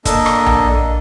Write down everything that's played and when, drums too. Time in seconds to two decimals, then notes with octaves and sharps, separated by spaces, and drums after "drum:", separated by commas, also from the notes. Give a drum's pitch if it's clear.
0.05 A#3 D4 A4 D#5, drum: kick, hi-hat
0.26 drum: rim click
0.46 drum: tom A#1